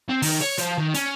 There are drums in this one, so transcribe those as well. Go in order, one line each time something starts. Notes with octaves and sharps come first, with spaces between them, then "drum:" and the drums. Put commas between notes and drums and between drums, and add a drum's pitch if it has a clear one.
C4
D#3, drum: open hi-hat
C#5
F3, drum: hi-hat
D#3
C#4, drum: hi-hat